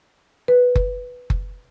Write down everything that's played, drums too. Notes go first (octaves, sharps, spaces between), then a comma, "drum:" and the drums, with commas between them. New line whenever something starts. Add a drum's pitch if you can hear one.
B4
drum: kick F#1
drum: kick F#1